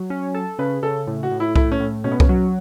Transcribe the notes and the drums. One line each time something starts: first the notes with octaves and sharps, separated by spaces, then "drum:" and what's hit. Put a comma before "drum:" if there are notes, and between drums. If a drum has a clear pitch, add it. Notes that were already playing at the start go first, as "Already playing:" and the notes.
Already playing: F#3
C#4
A4
C#3 B4
C#3 A4
A2
F#4
A2
E4
A3 E4, drum: kick C2
C#4
A2
B2 C#4
B3
C#4, drum: kick C2
F#3